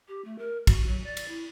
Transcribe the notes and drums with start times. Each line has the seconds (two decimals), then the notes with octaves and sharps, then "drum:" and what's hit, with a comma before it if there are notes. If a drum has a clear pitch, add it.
0.08 G4
0.25 A3
0.38 A#4
0.67 F#4, drum: kick, cymbal
0.87 F#3
1.04 D5
1.17 drum: cymbal
1.28 E4